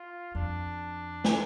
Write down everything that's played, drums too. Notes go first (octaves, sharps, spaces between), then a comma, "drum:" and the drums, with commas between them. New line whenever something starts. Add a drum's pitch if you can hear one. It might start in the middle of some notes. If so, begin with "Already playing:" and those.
Already playing: F4
F2 D4
drum: snare